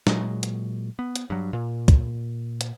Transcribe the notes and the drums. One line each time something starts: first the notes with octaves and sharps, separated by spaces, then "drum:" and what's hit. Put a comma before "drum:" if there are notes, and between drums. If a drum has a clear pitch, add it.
A#2 F#3 G#3, drum: snare
drum: hi-hat
B3
drum: hi-hat
G2 F#3
A#2
drum: kick, hi-hat
drum: hi-hat